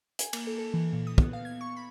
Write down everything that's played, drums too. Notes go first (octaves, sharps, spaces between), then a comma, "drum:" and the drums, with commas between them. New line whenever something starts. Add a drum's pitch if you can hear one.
G#5, drum: hi-hat
A#3, drum: cymbal
A4
A4
E3
A#2
D#6
B3, drum: kick
F5
G#6
C#6
B5